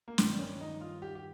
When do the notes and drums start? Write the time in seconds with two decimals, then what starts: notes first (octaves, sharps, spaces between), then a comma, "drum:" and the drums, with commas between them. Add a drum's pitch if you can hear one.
0.08 A#3
0.18 G2 D#3 G3 C4, drum: snare
0.39 C#4
0.61 D#4
0.81 F4
1.02 G4
1.15 G4